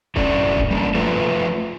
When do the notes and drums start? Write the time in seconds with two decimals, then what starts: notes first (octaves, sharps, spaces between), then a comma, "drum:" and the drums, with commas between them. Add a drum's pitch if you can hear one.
0.16 F#2 A2 A3 C#4 D5, drum: kick D#1
0.57 drum: kick D#1
0.71 G3 A#3 D4
0.95 F3 A3 F4 A4 B4 E5